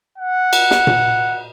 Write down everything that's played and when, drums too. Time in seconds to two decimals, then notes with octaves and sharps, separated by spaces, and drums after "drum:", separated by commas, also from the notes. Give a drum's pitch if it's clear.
0.18 F#5
0.53 drum: cymbal
0.71 drum: snare
0.87 drum: tom A#2